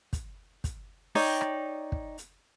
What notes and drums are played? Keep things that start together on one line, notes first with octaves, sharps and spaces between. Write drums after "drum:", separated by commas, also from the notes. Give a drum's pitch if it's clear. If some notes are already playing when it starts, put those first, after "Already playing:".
drum: kick, hi-hat
drum: kick, hi-hat
D#4 C#5 D5 G5, drum: open hi-hat
drum: rim click
drum: kick
drum: hi-hat